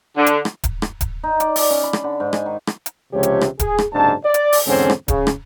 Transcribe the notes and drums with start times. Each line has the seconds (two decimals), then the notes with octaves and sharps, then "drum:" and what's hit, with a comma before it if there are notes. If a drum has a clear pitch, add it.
0.17 D3
0.27 drum: hi-hat
0.45 drum: rim click
0.64 drum: kick D1, hi-hat
0.82 drum: rim click
1.01 drum: kick D1, hi-hat
1.23 D#4
1.40 D5, drum: hi-hat
1.56 D5, drum: open hi-hat
1.70 C#4
1.83 B5
1.93 drum: rim click
2.04 D3
2.20 G#2
2.33 G#5, drum: rim click
2.46 D#3
2.67 drum: rim click
2.86 drum: hi-hat
3.13 C#2 C3 F3 G#3 G4 C#5
3.23 drum: hi-hat
3.41 drum: rim click
3.59 G#4, drum: kick D1, hi-hat
3.78 drum: rim click
3.93 F#1 G#2 C3 D4 A5
4.24 D5
4.34 drum: hi-hat
4.53 drum: open hi-hat
4.66 E2 G#2 D3 G#3 C4 C#4
4.90 drum: rim click
5.08 C#3, drum: kick D1, hi-hat
5.27 drum: rim click